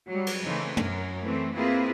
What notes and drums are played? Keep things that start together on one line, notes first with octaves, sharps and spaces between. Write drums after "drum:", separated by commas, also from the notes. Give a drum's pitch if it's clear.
F#3 G3
drum: cymbal
C#3 E3 A3 C4 D#4
F#2 A#4, drum: tom
E3 A3 C4
A#3 C4 E4 F4 G#4 B4